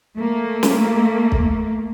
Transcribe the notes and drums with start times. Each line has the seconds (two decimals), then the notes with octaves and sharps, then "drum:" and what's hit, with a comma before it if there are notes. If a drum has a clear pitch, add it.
0.17 A3 A#3
0.63 drum: snare
1.32 drum: kick B1